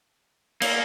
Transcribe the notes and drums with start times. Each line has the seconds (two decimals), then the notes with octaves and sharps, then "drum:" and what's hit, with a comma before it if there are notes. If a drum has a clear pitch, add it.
0.62 A#3, drum: cymbal